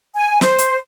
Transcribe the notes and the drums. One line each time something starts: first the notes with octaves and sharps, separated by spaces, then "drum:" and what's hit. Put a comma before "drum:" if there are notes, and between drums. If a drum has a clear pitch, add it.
G#5
C5, drum: snare
drum: hi-hat